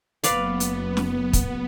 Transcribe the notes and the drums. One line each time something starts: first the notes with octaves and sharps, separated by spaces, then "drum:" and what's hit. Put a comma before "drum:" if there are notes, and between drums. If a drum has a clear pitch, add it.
F#1 F#2 B3 B4 D5 F5, drum: hi-hat
drum: hi-hat
drum: snare
drum: kick, hi-hat